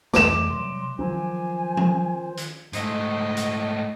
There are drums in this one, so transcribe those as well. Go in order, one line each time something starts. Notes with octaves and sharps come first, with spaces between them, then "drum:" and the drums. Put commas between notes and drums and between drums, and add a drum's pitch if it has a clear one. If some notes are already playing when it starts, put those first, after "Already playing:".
F2 E3 A3 D6 E7, drum: snare
C3 F#3 G3 C6
D#3 F3 F#3 C#4 F4 C5 G#5
drum: tom F3
drum: hi-hat
G#2 A3 D#5, drum: hi-hat
drum: hi-hat